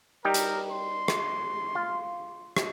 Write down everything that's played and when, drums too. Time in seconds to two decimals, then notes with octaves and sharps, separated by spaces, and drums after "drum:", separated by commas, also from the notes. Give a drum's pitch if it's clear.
0.25 G3 D#4 G4 A#4
0.34 drum: hi-hat
0.71 C6
1.08 drum: rim click
1.75 F4
2.57 drum: rim click